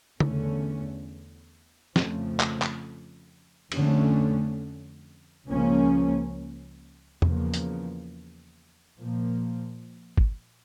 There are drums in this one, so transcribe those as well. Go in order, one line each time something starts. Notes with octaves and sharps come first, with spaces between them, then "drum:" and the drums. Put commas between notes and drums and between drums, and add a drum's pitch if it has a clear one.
E2 D3 A3 C#4, drum: tom C#3
F2 C#3 F3 A3, drum: snare
drum: clap
drum: clap
F2 D3 A3 C#4, drum: cymbal
C#2 C#3 F3 A#3 C#4
E2 C#3 F3 A#3, drum: tom E2
drum: hi-hat
A#2 F3 A#3
drum: kick